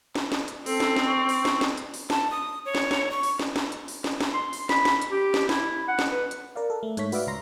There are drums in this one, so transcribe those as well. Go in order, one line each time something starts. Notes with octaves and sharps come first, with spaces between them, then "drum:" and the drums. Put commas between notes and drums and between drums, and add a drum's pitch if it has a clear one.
drum: snare
drum: snare
drum: hi-hat
C4 A4, drum: open hi-hat
drum: snare
drum: snare
C#6
drum: open hi-hat
drum: snare
drum: snare
drum: hi-hat
drum: open hi-hat
A5, drum: snare
D#6
C#5
drum: snare
drum: snare
C#6
drum: open hi-hat
drum: snare
drum: snare
drum: hi-hat
drum: open hi-hat
drum: snare
drum: snare
C6
drum: open hi-hat
B5, drum: snare
drum: snare
drum: hi-hat
G4
drum: snare
E4, drum: snare
F#5
drum: snare
B4
drum: hi-hat
A#4 D5 F5
A4
A3
G#2 A3 C#5 B6, drum: hi-hat
F#4 B4 D5 E5 F5 D6, drum: open hi-hat
C#2 A#5 C6 A#6